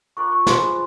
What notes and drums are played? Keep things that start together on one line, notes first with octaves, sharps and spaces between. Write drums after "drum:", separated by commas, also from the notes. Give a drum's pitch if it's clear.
D4 F4 A#4 D5 C#6
C#6
F3 G#3 B3 D4 C6, drum: snare